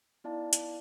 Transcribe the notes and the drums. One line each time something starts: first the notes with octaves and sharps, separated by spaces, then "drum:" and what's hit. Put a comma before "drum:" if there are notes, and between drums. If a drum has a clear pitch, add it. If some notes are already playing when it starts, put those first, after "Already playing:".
B3 D#4 E4 D5 F5 A5
drum: hi-hat